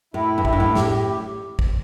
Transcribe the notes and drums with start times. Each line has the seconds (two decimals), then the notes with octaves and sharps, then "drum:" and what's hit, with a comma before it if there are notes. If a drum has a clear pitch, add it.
0.14 A2 E4
0.38 G2
0.45 E4, drum: kick
0.53 G2
0.60 A2
0.75 G4, drum: snare
1.59 drum: kick